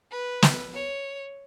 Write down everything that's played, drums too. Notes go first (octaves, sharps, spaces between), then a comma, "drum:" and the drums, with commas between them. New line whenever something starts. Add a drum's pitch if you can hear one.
B4
drum: snare
C#5